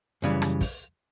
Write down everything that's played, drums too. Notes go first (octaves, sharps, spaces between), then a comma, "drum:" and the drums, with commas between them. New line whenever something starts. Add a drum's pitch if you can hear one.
F#2 C#3 E3 G3
drum: rim click
drum: kick, open hi-hat